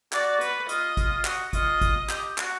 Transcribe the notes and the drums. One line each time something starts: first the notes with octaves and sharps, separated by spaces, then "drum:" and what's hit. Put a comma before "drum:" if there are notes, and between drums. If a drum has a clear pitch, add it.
F#4 D5, drum: clap
B4, drum: hi-hat
F4 D#5, drum: hi-hat
F4, drum: kick G#1, hi-hat
F4
F#4, drum: clap
F4 D#5, drum: kick G#1, hi-hat
drum: kick G#1, hi-hat
G4, drum: clap
F#4, drum: clap